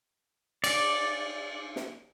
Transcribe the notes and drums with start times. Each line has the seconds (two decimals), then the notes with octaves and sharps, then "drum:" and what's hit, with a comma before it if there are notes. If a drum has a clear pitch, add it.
0.64 D5, drum: cymbal
1.76 drum: snare